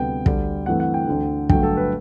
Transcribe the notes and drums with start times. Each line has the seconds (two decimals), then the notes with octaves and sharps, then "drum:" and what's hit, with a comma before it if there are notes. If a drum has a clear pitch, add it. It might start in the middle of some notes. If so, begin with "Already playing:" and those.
Already playing: D2 C3 G3 B3 G5
0.26 D2 D3 G3, drum: kick
0.66 G2 E3 A3 C4 F#5
0.80 F#5
0.94 G5
1.07 D2 D3 A3
1.49 G1 G2 D3 F#3 A3 G5, drum: kick
1.63 A4
1.77 B4